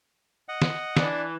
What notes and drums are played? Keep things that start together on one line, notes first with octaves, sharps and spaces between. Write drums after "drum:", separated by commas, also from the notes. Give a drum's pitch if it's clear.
D#5 F#5
drum: snare
E3 D4, drum: snare